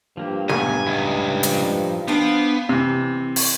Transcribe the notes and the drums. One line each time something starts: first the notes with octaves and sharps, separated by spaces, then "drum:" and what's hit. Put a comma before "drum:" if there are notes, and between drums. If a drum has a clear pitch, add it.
G2 F3 A#3 G4
F#2 A2 B3 G#5, drum: snare
C#2 D#4 E4
F3 D#4, drum: hi-hat
B3 D4 C5 F5 G5
C3 E3
drum: open hi-hat